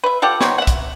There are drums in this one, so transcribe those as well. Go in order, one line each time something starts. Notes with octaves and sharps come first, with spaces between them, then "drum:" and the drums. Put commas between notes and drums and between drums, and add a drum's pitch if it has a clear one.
B4 E5
F4 G4 A4 F#5
B3 C4 D#4 C#5, drum: snare
E5 F#5
drum: kick B1, hi-hat